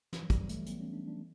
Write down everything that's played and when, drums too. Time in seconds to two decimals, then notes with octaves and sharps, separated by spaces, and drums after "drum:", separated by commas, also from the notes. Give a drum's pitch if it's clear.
0.13 E3, drum: snare
0.22 F#3
0.30 G3, drum: kick, hi-hat
0.49 A3, drum: hi-hat
0.66 B3, drum: hi-hat
0.80 C#4
0.93 D4
1.07 D4